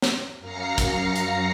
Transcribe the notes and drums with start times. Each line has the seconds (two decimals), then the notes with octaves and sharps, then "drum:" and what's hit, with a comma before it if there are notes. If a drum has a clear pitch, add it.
0.02 drum: snare
0.40 F#2 F5 A#5 A#6 C7 C#7
0.78 drum: kick, hi-hat
1.16 drum: hi-hat